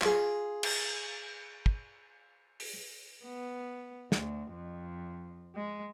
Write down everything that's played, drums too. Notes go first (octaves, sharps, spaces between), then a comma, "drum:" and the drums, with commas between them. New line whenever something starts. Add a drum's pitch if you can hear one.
F4 G#4, drum: clap
drum: cymbal
drum: kick
drum: open hi-hat
B3
D2, drum: snare
F2
G#3